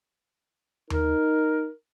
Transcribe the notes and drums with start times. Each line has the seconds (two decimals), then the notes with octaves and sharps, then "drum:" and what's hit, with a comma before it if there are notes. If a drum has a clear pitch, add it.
0.90 D#4 A#4, drum: tom D#2